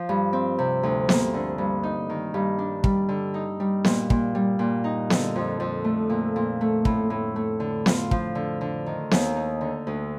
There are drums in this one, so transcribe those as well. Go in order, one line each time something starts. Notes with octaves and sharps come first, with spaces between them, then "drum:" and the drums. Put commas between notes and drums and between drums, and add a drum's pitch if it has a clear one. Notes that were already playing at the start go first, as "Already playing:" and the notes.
Already playing: F3
G2
C4
C3
D2
A#3, drum: snare B3
D3
G2
D#4
D#3
G2
D4
G3, drum: kick
D3
D#4
G3
A#2, drum: snare B3
A#2, drum: kick
G3
A#2
D#4
D3, drum: snare B3
F2
F2
A3
A#2
A#2
A3
A2, drum: kick
A2
A3
D3
F4, drum: snare B3
F3, drum: kick
D3
D3
D#3
D#2, drum: snare B3
D#4
D3
D2